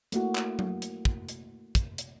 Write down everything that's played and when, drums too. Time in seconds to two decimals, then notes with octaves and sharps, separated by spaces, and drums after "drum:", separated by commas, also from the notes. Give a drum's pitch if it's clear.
0.12 A3 A#3 E4 F#4, drum: hi-hat
0.36 drum: clap
0.59 drum: tom F#3
0.82 drum: hi-hat
1.05 drum: kick
1.29 drum: hi-hat
1.75 drum: kick, hi-hat
1.98 drum: hi-hat